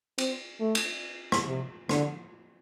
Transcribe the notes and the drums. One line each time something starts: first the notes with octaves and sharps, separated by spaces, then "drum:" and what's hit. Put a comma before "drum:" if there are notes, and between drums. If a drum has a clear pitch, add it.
C4, drum: cymbal
A3
drum: cymbal
drum: rim click
C3
D3, drum: rim click